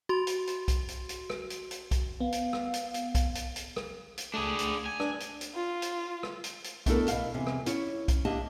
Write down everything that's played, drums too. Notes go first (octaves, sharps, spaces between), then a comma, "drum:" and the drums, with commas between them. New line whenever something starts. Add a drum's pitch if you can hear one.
F#4 C6
drum: hi-hat
drum: hi-hat
drum: kick B1, hi-hat
drum: hi-hat
drum: hi-hat
drum: rim click
drum: hi-hat
drum: hi-hat
drum: kick B1, hi-hat
B3 F5
drum: hi-hat
drum: rim click
drum: hi-hat
drum: hi-hat
drum: kick B1, hi-hat
drum: hi-hat
drum: hi-hat
drum: rim click
drum: hi-hat
C#2 A3 D4 G#4
drum: hi-hat
G#5
D4, drum: rim click
drum: hi-hat
drum: hi-hat
F4
drum: hi-hat
drum: rim click
drum: hi-hat
drum: hi-hat
A3 B3 D4 E4 A4 A#4, drum: kick B1, hi-hat
B2 E5 F5, drum: hi-hat
E2 C3
drum: rim click
C#4 E4 C#5, drum: hi-hat
drum: kick B1, hi-hat
A#3 D4 G4 D#5 E5 A5